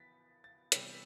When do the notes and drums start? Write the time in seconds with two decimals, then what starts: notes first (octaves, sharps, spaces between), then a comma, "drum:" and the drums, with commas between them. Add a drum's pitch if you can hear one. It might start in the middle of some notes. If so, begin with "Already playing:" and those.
Already playing: E3 B3 A6 B6
0.44 A6
0.72 C3 E3 G3 B3 B6, drum: hi-hat